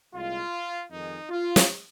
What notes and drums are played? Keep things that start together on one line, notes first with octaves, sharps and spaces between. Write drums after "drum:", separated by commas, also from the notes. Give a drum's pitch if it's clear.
C2 A#2 G#3 F4
F2 D#3 G#3 D#4
F4
drum: snare